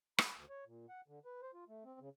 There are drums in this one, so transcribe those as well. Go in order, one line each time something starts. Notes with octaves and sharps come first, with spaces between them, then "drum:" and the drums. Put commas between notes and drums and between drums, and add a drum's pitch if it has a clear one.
B5, drum: rim click
D2
C#5
A#2
F#5
D3
B4
C5
F4
A3
C4
C#3